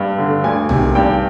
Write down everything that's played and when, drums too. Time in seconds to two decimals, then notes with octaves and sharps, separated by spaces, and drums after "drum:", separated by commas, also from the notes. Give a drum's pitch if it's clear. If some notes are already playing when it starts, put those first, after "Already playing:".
Already playing: G2
0.18 D3
0.44 D2 G#5
0.69 C3 D#3, drum: tom
0.95 G2 G5